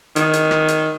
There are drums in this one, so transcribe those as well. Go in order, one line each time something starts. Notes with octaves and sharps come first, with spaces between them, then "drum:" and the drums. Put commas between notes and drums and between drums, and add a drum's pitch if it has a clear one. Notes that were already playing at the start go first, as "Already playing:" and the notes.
D#3, drum: hi-hat
drum: hi-hat
drum: rim click
drum: hi-hat